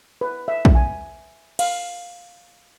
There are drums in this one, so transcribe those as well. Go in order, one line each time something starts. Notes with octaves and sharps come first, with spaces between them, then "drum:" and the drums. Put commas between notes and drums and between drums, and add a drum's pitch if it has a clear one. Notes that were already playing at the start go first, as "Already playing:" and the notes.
B4
E5
drum: kick A#1
G#5
F5, drum: cymbal